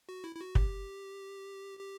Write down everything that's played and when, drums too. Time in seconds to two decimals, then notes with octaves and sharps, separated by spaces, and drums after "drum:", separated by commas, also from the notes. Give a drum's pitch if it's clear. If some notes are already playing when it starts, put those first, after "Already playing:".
0.09 F#4
0.24 E4
0.35 E4
0.40 F#4
0.55 G4, drum: kick
1.79 G4